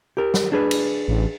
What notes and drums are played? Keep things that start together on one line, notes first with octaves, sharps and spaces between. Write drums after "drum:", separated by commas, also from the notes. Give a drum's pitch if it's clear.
G4 A#4
drum: snare
D4 G#4 B4
drum: cymbal
A1